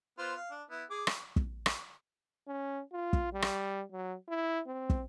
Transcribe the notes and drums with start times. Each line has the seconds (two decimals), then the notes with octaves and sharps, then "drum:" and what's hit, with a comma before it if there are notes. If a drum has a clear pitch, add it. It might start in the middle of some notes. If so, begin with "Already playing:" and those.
0.19 B3 F4 C5
0.36 F5
0.51 D4
0.71 B3 E4
0.90 G#4 D6
1.07 drum: rim click
1.36 drum: kick
1.66 drum: rim click
2.47 C#4
2.92 F4
3.13 drum: kick
3.33 G3
3.42 drum: rim click
3.92 F#3
4.28 E4
4.67 C4
4.90 drum: kick